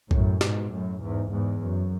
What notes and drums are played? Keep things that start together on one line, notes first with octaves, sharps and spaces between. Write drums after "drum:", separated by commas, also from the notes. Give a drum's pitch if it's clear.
F#2 A2, drum: kick A#1
G#2 B2, drum: snare
F#2 A2
E2 G#2
E2 G#2
F#2